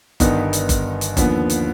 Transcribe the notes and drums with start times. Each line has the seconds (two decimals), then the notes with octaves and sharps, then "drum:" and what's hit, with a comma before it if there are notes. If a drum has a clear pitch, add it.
0.20 G1 G2 D#3 B3 D#4, drum: kick F#1, hi-hat
0.53 drum: hi-hat
0.69 drum: kick F#1, hi-hat
1.01 drum: hi-hat
1.17 D#2 D3 F3 B3, drum: kick F#1, hi-hat
1.50 drum: hi-hat